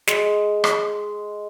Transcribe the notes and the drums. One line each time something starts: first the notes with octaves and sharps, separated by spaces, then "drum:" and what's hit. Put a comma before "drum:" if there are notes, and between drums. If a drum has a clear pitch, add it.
G#3, drum: snare
drum: rim click